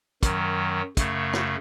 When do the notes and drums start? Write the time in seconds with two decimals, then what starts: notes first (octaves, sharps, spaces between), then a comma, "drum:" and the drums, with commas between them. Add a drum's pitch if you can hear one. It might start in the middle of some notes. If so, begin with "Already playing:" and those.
0.23 F#2 D#3 F#3, drum: kick, hi-hat
0.97 F#2 C#3 A3, drum: kick, hi-hat
1.33 drum: rim click